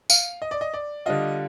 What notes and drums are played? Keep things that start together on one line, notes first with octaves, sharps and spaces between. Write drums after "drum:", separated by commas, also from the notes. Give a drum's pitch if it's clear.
F5, drum: tambourine
D#5
D5
D#5
D5
D3 G3 D4 F4 D#5